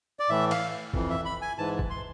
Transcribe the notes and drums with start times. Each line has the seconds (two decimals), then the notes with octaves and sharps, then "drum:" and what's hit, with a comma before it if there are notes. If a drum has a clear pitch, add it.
0.20 D5
0.30 A2 E3 E5
0.51 F5, drum: cymbal
0.94 F2 E3, drum: kick
1.10 E5
1.25 B5
1.42 G#5
1.58 G#2 E3 A5
1.79 drum: kick
1.90 C6